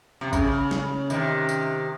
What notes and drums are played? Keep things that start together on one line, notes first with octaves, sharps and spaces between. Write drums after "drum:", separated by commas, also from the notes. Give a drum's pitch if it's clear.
C3
C#3, drum: kick, tambourine
drum: snare
C3 D#3, drum: tambourine
drum: tambourine